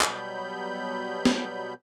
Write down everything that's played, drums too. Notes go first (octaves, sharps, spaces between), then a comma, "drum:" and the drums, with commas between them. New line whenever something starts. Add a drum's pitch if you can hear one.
B2 F#3 G3 B3 B5 G6, drum: clap
drum: snare